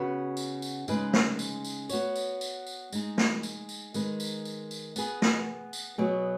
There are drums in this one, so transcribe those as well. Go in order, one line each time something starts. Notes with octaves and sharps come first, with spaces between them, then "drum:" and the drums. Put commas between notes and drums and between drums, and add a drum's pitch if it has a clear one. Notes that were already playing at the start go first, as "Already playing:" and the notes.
Already playing: C#3 B3 F#4
drum: tambourine
drum: tambourine
C#3 G#3 D#4 G#4 B4, drum: tambourine
drum: snare
drum: tambourine
drum: tambourine
B3 F#4 C#5, drum: tambourine
drum: tambourine
drum: tambourine
drum: tambourine
G#3 D#4 G#4, drum: tambourine
drum: snare
drum: tambourine
drum: tambourine
D#3 G#3 D#4 B4, drum: tambourine
drum: tambourine
drum: tambourine
drum: tambourine
B3 G#4 B4, drum: tambourine
drum: snare
drum: tambourine
B2 F#3 B3 G#4